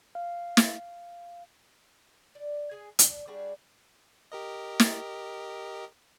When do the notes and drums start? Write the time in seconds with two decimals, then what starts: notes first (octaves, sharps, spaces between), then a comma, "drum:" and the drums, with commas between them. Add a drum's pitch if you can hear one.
0.15 F5
0.57 drum: snare
2.35 D5
2.71 G#4 G#5
2.99 D4, drum: hi-hat
3.27 G3 D4 F#4 G#4
4.32 G4 A#4 D#5
4.80 drum: snare